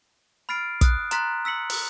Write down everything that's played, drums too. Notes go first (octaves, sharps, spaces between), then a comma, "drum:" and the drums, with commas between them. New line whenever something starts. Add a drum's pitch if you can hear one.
B5 F6 A6 C7 D7
D#6 F#6, drum: kick, hi-hat
A#5 C6 F#6 A6 B6, drum: hi-hat
E6 B6 C#7 F#7
drum: open hi-hat